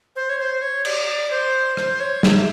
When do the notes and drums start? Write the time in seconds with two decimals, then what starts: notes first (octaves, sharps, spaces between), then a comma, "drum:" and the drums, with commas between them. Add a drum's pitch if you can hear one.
0.16 C5
0.29 C#5
0.39 C5
0.62 C#5
0.85 D5, drum: cymbal
1.31 C5
1.77 C5, drum: rim click
2.00 C#5
2.23 E5, drum: snare